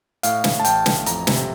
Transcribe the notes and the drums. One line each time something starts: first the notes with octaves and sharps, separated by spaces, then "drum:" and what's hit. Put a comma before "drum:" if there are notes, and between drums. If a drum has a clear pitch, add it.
A2 F5, drum: hi-hat
A2, drum: snare
A5
A1 G5, drum: hi-hat
A2, drum: snare
F2 A#5, drum: hi-hat
C3, drum: snare